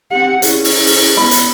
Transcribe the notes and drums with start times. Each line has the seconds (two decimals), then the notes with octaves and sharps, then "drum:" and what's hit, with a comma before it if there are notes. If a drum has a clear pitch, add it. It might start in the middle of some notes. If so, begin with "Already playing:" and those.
0.11 C4 G4 F#5
0.42 C#4 E4 G#4, drum: hi-hat
0.64 drum: open hi-hat
0.87 drum: open hi-hat
1.17 B3 B5
1.31 drum: hi-hat